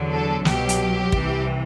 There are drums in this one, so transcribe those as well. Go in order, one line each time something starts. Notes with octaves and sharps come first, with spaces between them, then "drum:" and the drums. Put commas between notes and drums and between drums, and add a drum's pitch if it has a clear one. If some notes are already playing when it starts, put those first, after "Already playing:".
Already playing: E2 D3 F#3
A4
C2 B2 F#3 G4, drum: snare
drum: hi-hat
C2 C3 E3, drum: kick